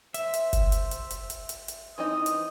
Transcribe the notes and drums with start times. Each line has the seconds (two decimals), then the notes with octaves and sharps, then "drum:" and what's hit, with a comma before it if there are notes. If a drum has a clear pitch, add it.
0.14 C5 E5, drum: hi-hat
0.34 drum: hi-hat
0.53 drum: kick F#1, hi-hat
0.72 drum: hi-hat
0.91 drum: hi-hat
1.11 drum: hi-hat
1.30 drum: hi-hat
1.49 drum: hi-hat
1.68 drum: hi-hat
1.98 E3 C4 D#4 D#6
2.26 drum: hi-hat